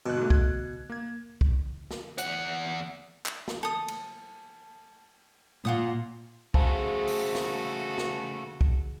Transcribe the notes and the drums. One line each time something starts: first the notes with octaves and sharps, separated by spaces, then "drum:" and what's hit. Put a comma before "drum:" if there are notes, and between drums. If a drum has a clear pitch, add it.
G1 B2 F#6
G#2 A3
G#6, drum: kick
A#3 G#6
drum: kick
drum: snare
E2 F#5, drum: hi-hat
drum: clap
drum: snare
A4 D#6
drum: cymbal
A#2 F4 F#5 D#6
C#3 G#3 A3 F#4 A4 C5 F5 A5, drum: kick
drum: open hi-hat
drum: snare
drum: snare
drum: kick